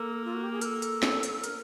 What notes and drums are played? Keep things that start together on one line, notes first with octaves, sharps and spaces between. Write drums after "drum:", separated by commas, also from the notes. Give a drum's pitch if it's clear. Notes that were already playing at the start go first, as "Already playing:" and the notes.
Already playing: A#3 A4
F4
F#4
G4
G#4
A#4, drum: hi-hat
A4
drum: hi-hat
drum: snare
drum: hi-hat
A#4, drum: hi-hat